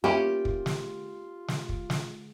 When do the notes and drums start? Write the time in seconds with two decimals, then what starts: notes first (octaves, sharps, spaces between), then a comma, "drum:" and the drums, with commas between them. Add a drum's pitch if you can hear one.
0.04 A#3 C#4 E4 F4 G4
0.45 drum: kick
0.66 drum: snare
1.48 drum: snare
1.69 drum: kick
1.90 drum: snare